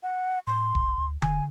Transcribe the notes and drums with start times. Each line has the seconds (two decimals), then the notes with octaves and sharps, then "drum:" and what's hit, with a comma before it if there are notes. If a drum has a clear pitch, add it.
0.03 F#5
0.47 A2 C6
0.75 B1, drum: kick E1
0.98 D2
1.22 F1 G#5, drum: tom D3